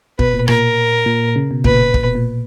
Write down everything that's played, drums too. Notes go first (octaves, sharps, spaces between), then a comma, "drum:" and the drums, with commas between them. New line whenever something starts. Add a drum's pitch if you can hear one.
B2 B4, drum: kick
A#2
A#2 A#4, drum: rim click
A#2
C#3
B2
A#2 B4, drum: kick
A#2, drum: kick
B2
A#2